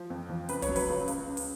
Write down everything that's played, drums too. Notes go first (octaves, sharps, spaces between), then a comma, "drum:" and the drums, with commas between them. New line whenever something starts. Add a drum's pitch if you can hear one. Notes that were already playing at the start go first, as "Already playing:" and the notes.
Already playing: F3
F2
F3
C#3 B4, drum: hi-hat
C#5, drum: kick, hi-hat
F#3
B4, drum: open hi-hat
C#2
C#2, drum: hi-hat
C#3
drum: open hi-hat